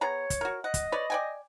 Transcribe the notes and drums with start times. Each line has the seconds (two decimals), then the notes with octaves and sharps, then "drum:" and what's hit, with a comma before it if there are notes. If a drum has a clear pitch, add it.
0.01 B3 G#4 C#5 A#5
0.30 drum: kick, hi-hat
0.41 F#4 A#4
0.64 D#5 F#5
0.74 drum: kick, hi-hat
0.92 B4 C#5 D5
1.10 D5 G5 G#5